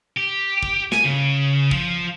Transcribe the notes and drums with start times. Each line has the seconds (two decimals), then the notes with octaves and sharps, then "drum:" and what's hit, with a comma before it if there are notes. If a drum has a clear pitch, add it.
0.17 G4
0.63 drum: kick
0.92 G#5, drum: snare
1.04 C#3
1.71 F3, drum: kick